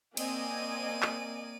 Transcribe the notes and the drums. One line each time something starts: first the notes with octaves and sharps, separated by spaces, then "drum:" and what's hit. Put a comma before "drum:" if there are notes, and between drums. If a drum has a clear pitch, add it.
A#3 C4 D5 D#5 G#5 D#7, drum: cymbal
drum: clap